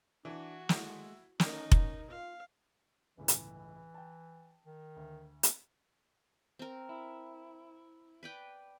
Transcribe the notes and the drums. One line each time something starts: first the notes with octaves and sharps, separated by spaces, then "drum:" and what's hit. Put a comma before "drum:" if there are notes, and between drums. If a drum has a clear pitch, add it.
E3 D4 F#4
G#3 E4, drum: snare
C#4 D#4 A#4, drum: snare
drum: kick F1
F4 F5
G1 C#2 A2 E3
drum: hi-hat
G5 A5
D#3
D2
drum: hi-hat
C4 A#4
E4
B4 D5 G5